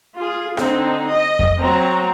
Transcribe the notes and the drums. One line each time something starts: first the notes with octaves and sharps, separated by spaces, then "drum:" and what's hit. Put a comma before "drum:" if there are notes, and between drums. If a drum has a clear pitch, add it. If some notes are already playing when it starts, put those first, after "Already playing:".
F4 G#4
D3 C4 D#4, drum: rim click
D#5
drum: kick F2
F#3 C4 A#5